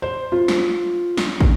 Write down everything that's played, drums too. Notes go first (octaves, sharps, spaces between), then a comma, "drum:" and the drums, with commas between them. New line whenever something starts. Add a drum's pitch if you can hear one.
C5
F4
drum: snare
drum: snare
drum: kick